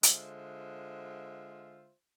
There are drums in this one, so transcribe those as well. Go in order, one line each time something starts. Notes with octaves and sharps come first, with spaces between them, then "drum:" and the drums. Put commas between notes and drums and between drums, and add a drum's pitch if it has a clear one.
D3 G#3 F4 C5 E5, drum: hi-hat